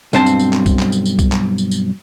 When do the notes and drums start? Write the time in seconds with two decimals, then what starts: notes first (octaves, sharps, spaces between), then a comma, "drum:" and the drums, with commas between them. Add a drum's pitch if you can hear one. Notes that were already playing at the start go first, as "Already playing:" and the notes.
0.13 B1 G2 C4 C5 A5, drum: tambourine
0.26 drum: tambourine
0.40 drum: tambourine
0.53 drum: clap
0.66 drum: kick C2, tambourine
0.79 drum: clap
0.92 drum: tambourine
1.05 drum: tambourine
1.19 drum: kick C2, tambourine
1.32 drum: clap
1.58 drum: tambourine
1.71 drum: tambourine